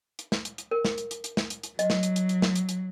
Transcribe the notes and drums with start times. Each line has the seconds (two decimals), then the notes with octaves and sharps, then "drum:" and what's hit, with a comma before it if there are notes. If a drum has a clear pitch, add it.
0.19 drum: hi-hat
0.32 drum: snare
0.45 drum: hi-hat
0.58 drum: hi-hat
0.71 A#4
0.85 drum: snare
0.98 drum: hi-hat
1.11 drum: hi-hat
1.24 drum: hi-hat
1.37 drum: snare
1.50 drum: hi-hat
1.63 drum: hi-hat
1.79 F#3 D#5, drum: hi-hat
1.90 drum: snare
2.03 drum: hi-hat
2.16 drum: hi-hat
2.29 drum: hi-hat
2.42 drum: snare
2.56 drum: hi-hat
2.69 drum: hi-hat